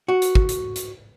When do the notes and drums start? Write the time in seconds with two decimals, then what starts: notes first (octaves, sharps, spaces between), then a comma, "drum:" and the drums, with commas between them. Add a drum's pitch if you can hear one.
0.08 F#4
0.22 drum: hi-hat
0.35 drum: kick
0.49 drum: hi-hat
0.76 drum: hi-hat